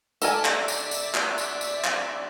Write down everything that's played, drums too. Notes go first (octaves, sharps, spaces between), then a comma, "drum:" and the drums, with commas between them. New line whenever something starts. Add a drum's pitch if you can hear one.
A4 A#4 D5 E5 G#5, drum: tambourine
drum: clap
drum: tambourine
drum: tambourine
drum: clap
drum: tambourine
drum: tambourine
drum: clap